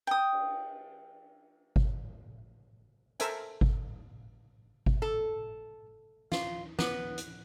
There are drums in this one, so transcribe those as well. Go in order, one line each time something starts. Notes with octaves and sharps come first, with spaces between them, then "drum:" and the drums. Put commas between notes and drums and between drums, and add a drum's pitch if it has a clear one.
G5 D#6
drum: cymbal
drum: kick G1
A4 A#4 C5 E5 G#5, drum: hi-hat
drum: kick G1
drum: kick G1
A4
F4, drum: snare
B3, drum: snare
drum: hi-hat